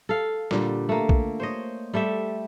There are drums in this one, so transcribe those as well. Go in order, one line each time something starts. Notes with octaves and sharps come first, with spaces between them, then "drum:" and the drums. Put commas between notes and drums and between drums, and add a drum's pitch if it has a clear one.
A4 F5
A#2 D3 G3, drum: snare
A3 A#3
drum: kick A#1
C5 C#5 D#5
G3 A3 G4 E5